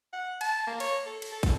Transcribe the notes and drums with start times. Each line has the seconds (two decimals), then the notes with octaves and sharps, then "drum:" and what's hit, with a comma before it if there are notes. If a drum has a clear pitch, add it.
0.13 F#5
0.41 A5, drum: cymbal
0.67 A#3
0.80 C#5, drum: cymbal
1.06 A4
1.22 drum: cymbal
1.32 A4
1.43 drum: kick, cymbal